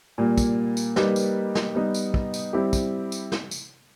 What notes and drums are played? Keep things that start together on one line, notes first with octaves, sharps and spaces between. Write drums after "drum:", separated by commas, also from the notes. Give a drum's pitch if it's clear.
A#2 G3 A#3
drum: kick, tambourine
drum: tambourine
G3 A#3 D#4 G4 B4, drum: snare
drum: tambourine
drum: snare
G3 B3 D#4
drum: tambourine
drum: kick
drum: tambourine
G3 C4 E4 G4
drum: kick, tambourine
drum: tambourine
drum: snare
drum: tambourine